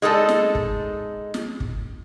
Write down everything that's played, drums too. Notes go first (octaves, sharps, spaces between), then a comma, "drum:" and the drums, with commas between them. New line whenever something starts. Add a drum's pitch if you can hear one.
G#3 D#4 A4 A5
drum: snare
drum: kick
drum: snare
drum: kick